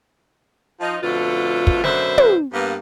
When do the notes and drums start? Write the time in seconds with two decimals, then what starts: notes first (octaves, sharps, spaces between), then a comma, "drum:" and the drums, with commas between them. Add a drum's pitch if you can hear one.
0.81 F3 D#4
1.03 F2 B2 D3 A3 F4
1.67 drum: kick
1.84 F#2 B2 D3 B4 C5 E5, drum: snare
2.18 drum: tom
2.53 G2 A#3 B3